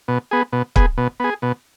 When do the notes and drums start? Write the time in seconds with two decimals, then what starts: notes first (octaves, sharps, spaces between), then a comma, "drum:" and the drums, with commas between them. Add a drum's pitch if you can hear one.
0.08 B2
0.31 B3 G#4
0.53 B2
0.76 B3 G#4, drum: kick
0.98 B2
1.20 B3 G#4
1.42 B2